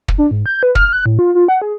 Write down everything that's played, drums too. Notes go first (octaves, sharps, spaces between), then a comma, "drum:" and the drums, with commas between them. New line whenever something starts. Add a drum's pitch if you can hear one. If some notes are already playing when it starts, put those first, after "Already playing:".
drum: kick
D4
G#2
G6
B4
F6, drum: kick
F#6
A2
F4
F4
F#5
G#4